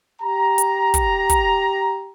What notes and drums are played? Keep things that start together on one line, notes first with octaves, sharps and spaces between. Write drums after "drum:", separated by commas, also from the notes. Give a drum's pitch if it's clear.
G4 A#5
drum: hi-hat
drum: kick, hi-hat
drum: kick, hi-hat